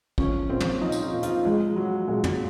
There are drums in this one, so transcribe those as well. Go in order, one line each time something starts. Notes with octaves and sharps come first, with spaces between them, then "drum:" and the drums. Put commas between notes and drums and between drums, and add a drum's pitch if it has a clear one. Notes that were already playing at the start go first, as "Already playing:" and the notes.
F3 C#4, drum: kick
A#2 C4
drum: tom
F3 D#4
drum: tambourine
F4
A#2
F4, drum: hi-hat
F3 G#3
F3 F#3
A#2 G#3
drum: tom